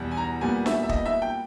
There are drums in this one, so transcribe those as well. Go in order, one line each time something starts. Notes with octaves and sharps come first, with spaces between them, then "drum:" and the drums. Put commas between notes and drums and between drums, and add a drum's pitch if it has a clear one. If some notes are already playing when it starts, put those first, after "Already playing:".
Already playing: E2 B2 G3 B3
G#5
A#5
A#2 G3 B3 G#5
E5, drum: snare
E5
D#5, drum: kick
E5
G5